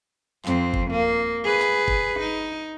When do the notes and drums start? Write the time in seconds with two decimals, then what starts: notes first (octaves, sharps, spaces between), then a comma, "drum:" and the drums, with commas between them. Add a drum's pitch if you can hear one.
0.45 F2 C4, drum: clap
0.74 drum: kick G1
0.90 A#3
1.44 G#4 B4
1.59 drum: clap
1.88 drum: kick G1
2.19 D#4